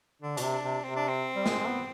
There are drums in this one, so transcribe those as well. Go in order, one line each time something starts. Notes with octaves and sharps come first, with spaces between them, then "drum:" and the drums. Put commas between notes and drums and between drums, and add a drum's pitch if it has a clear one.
D3 D4
B2, drum: hi-hat
C3
D4
C3
C3 C4
D4
C4
G3
G#3, drum: snare
G#3
B3